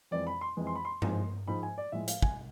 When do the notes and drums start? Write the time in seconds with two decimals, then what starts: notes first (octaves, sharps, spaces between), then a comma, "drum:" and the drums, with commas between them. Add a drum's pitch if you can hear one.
0.11 F2 E3 G#3 D5
0.27 B5
0.41 C6
0.57 F2 E3 G#3
0.67 C6
0.75 B5
0.85 C6
1.02 G#2 F3 G#3, drum: tom G2
1.47 G#2 F3 G#3 B5
1.63 G#5
1.78 D5
1.92 A2 F3 G#3 E5
2.08 F5, drum: hi-hat
2.22 G#5, drum: kick